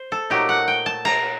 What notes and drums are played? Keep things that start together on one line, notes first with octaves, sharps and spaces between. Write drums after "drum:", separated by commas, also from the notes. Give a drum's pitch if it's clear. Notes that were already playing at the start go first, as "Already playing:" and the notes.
Already playing: C5
A4
A#2 F#3 A3 D#4 G4
F#5
G5
A5
A#5, drum: cymbal